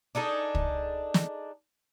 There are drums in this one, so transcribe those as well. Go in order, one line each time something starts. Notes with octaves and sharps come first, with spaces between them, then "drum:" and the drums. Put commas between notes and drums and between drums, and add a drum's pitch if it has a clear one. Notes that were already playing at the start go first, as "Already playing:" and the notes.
D4 D#4 G#4 A4
drum: kick
drum: snare